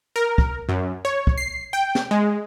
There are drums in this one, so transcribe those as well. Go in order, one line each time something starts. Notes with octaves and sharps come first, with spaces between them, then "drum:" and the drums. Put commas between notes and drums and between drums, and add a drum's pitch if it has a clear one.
A#4
drum: kick
F#2
C#5
drum: kick
C7
G5
drum: snare
G#3